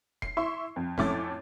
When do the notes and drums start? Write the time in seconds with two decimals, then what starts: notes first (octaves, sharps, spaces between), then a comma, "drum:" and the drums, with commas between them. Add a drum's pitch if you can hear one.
0.22 C7, drum: kick E1
0.37 E4 E5 C6 C#6
0.76 F2
0.98 F2 A2 A3 C#4 D6 A6, drum: snare